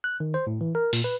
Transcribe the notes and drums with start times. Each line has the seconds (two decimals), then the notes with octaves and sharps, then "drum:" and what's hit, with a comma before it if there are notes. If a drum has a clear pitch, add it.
0.04 F#6
0.20 D#3
0.34 C5
0.47 A2
0.61 E3
0.75 A#4
0.93 A#2, drum: open hi-hat
1.04 B4